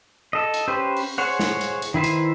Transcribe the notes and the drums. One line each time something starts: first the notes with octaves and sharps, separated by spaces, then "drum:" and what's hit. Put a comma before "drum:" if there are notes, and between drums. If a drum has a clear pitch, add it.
A4 D#5
drum: hi-hat
C#4 G4 B4 C5
drum: open hi-hat
G#4 C5 C#5 F#5
drum: snare
drum: hi-hat
drum: hi-hat
D#3 E4 B4 C5
drum: hi-hat